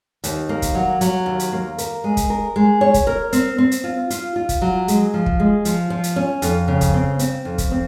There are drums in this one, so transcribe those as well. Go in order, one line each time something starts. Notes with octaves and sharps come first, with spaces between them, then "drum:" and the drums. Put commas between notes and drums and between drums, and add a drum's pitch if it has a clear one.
D#2, drum: hi-hat
A#3
drum: kick, hi-hat
F#3
F#3, drum: hi-hat
D#2
drum: hi-hat
A#3
A#4, drum: hi-hat
G#3
drum: kick, hi-hat
A#4
G#3
C#5
drum: kick, hi-hat
A#4
C4, drum: hi-hat
C4
drum: hi-hat
F4
F4, drum: hi-hat
F4
drum: kick, hi-hat
F#3
G#3, drum: hi-hat
F3
drum: kick
G#3
F3, drum: hi-hat
F3
drum: hi-hat
C#4
F2, drum: hi-hat
C#3
drum: kick, hi-hat
C4
C4, drum: hi-hat
F2
drum: kick, hi-hat
C4